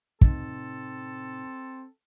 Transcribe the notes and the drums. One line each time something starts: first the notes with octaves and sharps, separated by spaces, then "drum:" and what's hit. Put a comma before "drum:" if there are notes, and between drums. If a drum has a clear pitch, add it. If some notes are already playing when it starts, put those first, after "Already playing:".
A2 C3 C4 D#4 A4, drum: kick